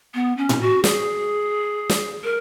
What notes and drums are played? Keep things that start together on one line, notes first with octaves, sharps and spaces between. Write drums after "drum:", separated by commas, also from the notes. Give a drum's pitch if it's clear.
B3
C#4
drum: tom A2
F#4
G#4, drum: snare
drum: snare
A#4